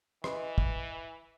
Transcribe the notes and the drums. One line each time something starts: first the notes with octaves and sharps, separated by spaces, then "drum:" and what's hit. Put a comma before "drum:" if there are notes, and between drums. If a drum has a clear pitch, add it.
E3 B4 D#5, drum: rim click
drum: kick